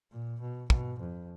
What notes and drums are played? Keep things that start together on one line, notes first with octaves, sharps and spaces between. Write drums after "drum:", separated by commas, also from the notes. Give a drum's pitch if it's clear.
A#2
B2
B2, drum: kick
F2